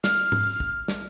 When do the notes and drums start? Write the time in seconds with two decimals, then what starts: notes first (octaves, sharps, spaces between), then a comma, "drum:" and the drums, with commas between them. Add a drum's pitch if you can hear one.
0.04 F6, drum: snare
0.32 drum: tom
0.60 drum: kick
0.88 drum: snare